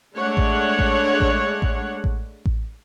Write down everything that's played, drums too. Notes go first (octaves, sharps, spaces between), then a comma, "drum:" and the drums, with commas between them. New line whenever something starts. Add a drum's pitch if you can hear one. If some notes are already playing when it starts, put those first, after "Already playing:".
G#3 A3 D4 C#5 F#5
drum: kick A1
drum: kick A1
drum: kick A1
drum: kick A1
drum: kick A1
drum: kick A1